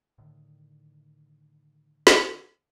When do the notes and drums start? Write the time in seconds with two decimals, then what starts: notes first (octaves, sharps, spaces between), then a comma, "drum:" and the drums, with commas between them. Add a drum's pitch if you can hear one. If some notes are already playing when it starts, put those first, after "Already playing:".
0.18 A2 D3 D#3
2.07 drum: snare